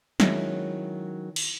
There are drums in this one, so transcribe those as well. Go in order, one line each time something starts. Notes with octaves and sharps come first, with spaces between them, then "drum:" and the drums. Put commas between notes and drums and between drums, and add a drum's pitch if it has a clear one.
D#3 F#3 G#3 C#4 E4, drum: snare
drum: cymbal